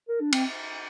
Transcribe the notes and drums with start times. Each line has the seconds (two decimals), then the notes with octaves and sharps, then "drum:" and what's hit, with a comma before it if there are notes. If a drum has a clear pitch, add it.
0.09 A#4
0.21 D4
0.32 C4, drum: cymbal